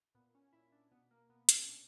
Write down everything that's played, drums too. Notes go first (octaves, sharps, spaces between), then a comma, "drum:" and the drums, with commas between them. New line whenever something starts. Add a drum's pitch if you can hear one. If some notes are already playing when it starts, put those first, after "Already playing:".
A#2 B3
C#4
A#2 E4
D4
B2 B3
A#3
B2 B3
C#4, drum: hi-hat
A#2 D4